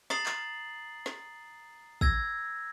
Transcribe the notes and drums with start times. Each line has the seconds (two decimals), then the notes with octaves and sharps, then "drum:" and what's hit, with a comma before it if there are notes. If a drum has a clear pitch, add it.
0.10 A#5 D#6 A6 C7 F#7, drum: snare
0.26 drum: clap
1.06 drum: snare
2.01 E6 G#6 A#6, drum: kick